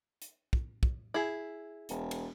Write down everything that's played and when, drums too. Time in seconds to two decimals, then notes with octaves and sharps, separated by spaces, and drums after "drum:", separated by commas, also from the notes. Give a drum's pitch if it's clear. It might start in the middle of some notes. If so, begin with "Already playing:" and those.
0.22 drum: hi-hat
0.53 drum: kick
0.83 drum: kick
1.14 E4 G#4
1.89 E1, drum: hi-hat
2.11 drum: cymbal